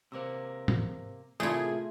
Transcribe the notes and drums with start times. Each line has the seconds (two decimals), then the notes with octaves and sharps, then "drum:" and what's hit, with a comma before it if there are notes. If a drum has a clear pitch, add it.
0.12 C3 A#3 C5 D6 E6
0.68 drum: tom G#2
1.40 A2 C3 A3 A#3 E4 F4 G#4 C6